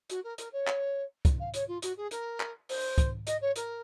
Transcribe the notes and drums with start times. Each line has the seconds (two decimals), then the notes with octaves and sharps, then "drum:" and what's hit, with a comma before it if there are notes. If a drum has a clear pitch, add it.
0.10 F#4, drum: hi-hat
0.24 A#4
0.38 A#4, drum: hi-hat
0.52 C#5
0.67 drum: clap
1.25 drum: kick C2, hi-hat
1.39 F5
1.54 C#5, drum: hi-hat
1.68 F4
1.82 F#4, drum: hi-hat
1.97 G#4
2.11 A#4, drum: hi-hat
2.40 drum: clap
2.69 C5, drum: open hi-hat
2.98 drum: kick C2, hi-hat
3.27 D#5, drum: hi-hat
3.41 C#5
3.56 A#4, drum: hi-hat